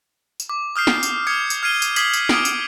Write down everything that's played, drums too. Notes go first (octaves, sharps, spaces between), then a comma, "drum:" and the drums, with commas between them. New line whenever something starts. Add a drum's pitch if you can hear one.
drum: tambourine
D6
D#6 F6 G6 C7
drum: snare
drum: tambourine
D6 D#6 F6 G#6 C#7
drum: tambourine
F6 G#6 C7 D#7 G7
drum: tambourine
D#6 G#6 B6 C7 F#7, drum: tambourine
drum: tambourine
D6 D#6 F6 D7, drum: snare
drum: tambourine